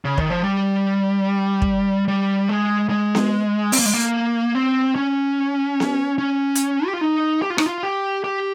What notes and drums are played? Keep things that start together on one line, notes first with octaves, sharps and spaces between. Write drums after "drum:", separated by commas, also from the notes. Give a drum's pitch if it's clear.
C#3
D#3, drum: kick
F3
G3
drum: kick
G3
G#3
G#3
drum: snare B3
C4, drum: open hi-hat
A#3
G#3
A#3
C4
C#4
drum: snare B3
C#4
drum: hi-hat
G4
F4
D#4
G4
F4
D#4, drum: rim click
F4
G4
G4